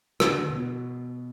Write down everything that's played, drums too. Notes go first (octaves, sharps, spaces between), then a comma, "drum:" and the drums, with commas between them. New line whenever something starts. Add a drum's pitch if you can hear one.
D3, drum: rim click
B2